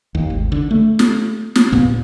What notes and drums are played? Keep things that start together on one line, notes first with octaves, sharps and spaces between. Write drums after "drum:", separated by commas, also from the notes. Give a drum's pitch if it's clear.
D#2
G#1
D3
A3
drum: snare
drum: snare
D#2 A#2 B3